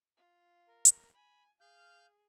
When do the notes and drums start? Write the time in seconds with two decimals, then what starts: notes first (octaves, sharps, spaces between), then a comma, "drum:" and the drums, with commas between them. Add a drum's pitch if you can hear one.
0.17 F4
0.68 A#4
0.85 drum: hi-hat
1.14 G#5 B5
1.61 G#4 F5 F6 G6